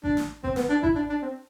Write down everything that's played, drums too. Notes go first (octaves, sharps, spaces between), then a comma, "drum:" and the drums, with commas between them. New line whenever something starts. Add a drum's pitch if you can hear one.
D4, drum: kick A1
drum: snare
C4, drum: kick A1
B3, drum: snare
D4
E4, drum: kick A1
D4
D4
C4